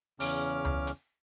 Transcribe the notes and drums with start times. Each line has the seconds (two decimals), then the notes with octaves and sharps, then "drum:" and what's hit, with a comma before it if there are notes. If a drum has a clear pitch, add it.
0.20 E2 C#3 C#4 D6 F6, drum: open hi-hat
0.65 drum: tom C#2
0.87 drum: hi-hat